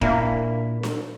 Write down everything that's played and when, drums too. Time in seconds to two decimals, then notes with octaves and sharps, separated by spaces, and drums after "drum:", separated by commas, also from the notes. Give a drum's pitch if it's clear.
0.01 A#2 A#3 D4 E4, drum: kick
0.83 drum: snare D4